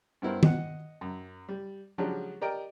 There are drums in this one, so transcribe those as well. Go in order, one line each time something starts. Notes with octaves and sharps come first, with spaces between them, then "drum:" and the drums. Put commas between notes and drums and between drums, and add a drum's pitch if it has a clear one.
G2 B3 E4 A#4 C5
D#5 F#5, drum: tom
F#2
G3
C#3 F3 F#3 G#3 D4 G4
G4 A#4 D5 D#5 G5 A#5